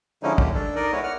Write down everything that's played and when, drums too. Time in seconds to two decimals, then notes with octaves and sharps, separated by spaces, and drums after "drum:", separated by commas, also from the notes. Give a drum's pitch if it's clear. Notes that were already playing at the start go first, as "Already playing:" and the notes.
0.23 D3 F3 G#3 C#4 D#4 E4
0.38 A#3 G4, drum: kick
0.54 D4 A4
0.75 D#4 A#4 D5 D#5
0.92 G#3 B3 E4 B4 C#5
1.04 F#5 F6